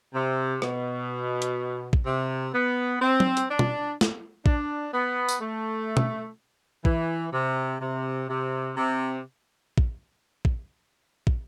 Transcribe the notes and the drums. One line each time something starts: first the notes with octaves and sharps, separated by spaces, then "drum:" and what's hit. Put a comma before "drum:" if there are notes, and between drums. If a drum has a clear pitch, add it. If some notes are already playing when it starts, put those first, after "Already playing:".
C3
B2, drum: rim click
drum: hi-hat
drum: kick
C3
B3
C4
drum: tom F#3
drum: hi-hat
D4
drum: tom B2
drum: snare
D4, drum: kick
B3
drum: tambourine
A3
drum: tom B2
E3, drum: kick
C3
C3
C3
C3
drum: kick
drum: kick
drum: kick